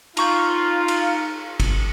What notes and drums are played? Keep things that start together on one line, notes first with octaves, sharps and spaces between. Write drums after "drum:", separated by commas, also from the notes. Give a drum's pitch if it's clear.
D#4 F4 A#5 C#6 G6, drum: cymbal
drum: cymbal
drum: kick G1, cymbal